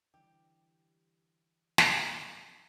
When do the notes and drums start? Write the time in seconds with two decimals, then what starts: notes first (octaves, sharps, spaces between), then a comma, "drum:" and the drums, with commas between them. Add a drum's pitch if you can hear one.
0.14 D3 E3 G3 G4
1.78 drum: snare